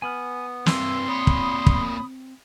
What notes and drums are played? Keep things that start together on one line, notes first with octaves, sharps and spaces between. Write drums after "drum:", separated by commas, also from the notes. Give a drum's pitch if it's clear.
B3 G#5 B5 F6
G2 E3 C4 C6 E6, drum: snare
A#2 C#5 B5 D#6
drum: kick
drum: kick